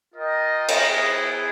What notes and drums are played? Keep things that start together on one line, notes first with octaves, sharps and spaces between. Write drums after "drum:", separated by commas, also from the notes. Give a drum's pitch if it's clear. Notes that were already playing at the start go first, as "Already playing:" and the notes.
F4 A#4 D#5 G5
drum: cymbal
B3 E4 G#4